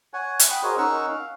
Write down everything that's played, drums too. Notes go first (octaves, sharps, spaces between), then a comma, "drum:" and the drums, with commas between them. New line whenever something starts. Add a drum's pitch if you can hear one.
C#5 F#5 G#5
drum: hi-hat
F#5 G5 B5 D#6
F#4 G#4 A#4 C5 C#5 D#5
C#4 D#4 A#4 F#5 C#6 E6
F5